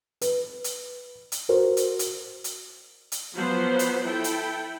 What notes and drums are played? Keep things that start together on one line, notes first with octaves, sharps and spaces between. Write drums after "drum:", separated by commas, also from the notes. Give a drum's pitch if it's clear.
B4, drum: hi-hat
drum: hi-hat
drum: hi-hat
F#4 A#4 C5
drum: hi-hat
drum: hi-hat
drum: hi-hat
drum: hi-hat
F3 F#3 B3 C5
drum: hi-hat
E4 A4 G5
drum: hi-hat